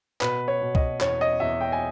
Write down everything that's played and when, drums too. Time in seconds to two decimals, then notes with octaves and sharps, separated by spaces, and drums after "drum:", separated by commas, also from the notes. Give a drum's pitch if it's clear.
0.21 B2 B4, drum: clap
0.48 C#5
0.61 B2
0.75 D#5, drum: kick C2
1.01 E2 C#5, drum: clap
1.21 D#5
1.40 E2 E5
1.61 G5
1.72 G#5